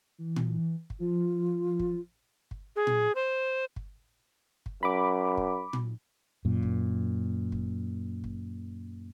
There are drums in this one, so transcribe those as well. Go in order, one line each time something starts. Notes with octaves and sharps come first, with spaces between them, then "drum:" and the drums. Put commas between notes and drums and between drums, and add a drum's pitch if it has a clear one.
E3
drum: tom A#2
drum: kick
F3 F4
drum: kick
drum: kick
G#4
drum: tom A#2
C5
drum: kick
drum: kick
F#2 B5 D6
drum: kick
drum: tom A#2
F#2 A#2
drum: kick
drum: kick
drum: kick